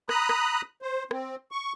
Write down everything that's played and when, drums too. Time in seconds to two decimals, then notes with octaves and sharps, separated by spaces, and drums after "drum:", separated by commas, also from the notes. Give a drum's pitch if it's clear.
0.09 A#5 B5 D#6 F#6, drum: rim click
0.29 drum: rim click
0.82 C5
1.11 C4, drum: rim click
1.51 C#6